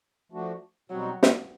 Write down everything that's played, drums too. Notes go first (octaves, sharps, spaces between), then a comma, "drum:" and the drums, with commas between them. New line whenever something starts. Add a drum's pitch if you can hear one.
F3 A3 D4 F#4
B2 F#3 G3 C4 D#4 F#4
drum: snare